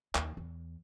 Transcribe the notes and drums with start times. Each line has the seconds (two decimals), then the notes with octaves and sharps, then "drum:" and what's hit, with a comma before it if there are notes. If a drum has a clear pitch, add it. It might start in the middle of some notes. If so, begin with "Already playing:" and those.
0.15 D#2, drum: clap
0.37 E2